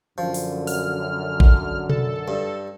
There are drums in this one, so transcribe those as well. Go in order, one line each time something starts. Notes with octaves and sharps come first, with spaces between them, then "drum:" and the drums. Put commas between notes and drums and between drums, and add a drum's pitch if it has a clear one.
F#2 D3 F3
drum: open hi-hat
F6, drum: open hi-hat
drum: kick A1
A4, drum: tom B2
G2